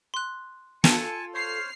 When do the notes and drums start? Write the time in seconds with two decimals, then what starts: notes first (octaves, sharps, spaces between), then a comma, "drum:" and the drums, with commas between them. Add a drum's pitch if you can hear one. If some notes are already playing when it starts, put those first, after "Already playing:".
0.14 C6 F#6
0.84 F4 A4 G#5 A5 C#7, drum: snare
1.34 C5 C#5 F6 C7